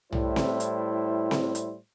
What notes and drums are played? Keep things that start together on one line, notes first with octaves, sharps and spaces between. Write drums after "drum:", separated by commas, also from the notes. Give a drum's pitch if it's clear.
A2 G3 E4 C5, drum: tom
drum: snare C4
drum: hi-hat
drum: snare C4
drum: hi-hat